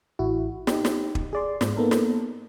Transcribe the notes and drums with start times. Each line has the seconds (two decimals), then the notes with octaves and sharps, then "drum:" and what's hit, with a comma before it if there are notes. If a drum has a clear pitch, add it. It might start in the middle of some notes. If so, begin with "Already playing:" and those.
0.19 A1 E4 F#4
0.67 D#4 G4, drum: snare
0.85 drum: snare
1.15 drum: kick
1.33 G#4 D5 C6
1.61 G#2, drum: snare
1.76 A#3 B3 D#4 A4 A#4
1.91 drum: snare